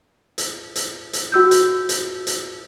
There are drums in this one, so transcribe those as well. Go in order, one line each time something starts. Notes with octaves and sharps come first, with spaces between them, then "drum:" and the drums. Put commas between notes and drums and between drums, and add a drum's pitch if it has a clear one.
drum: hi-hat
drum: hi-hat
drum: hi-hat
F#4 E6 G6
drum: hi-hat
drum: hi-hat
drum: hi-hat